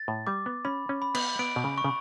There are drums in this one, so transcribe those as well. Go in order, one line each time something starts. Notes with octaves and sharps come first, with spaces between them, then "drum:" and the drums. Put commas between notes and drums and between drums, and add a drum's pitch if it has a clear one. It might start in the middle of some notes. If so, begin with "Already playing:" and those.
Already playing: A6
A2
G3 D6
B3
C#4 B5
C#4
B5
B3, drum: cymbal
B3 D7
B2
C#3
C#6
C#3